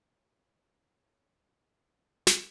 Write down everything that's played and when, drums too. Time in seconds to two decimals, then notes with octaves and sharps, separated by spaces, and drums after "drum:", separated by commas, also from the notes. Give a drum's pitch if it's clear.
0.16 A#3 C#5
2.27 drum: snare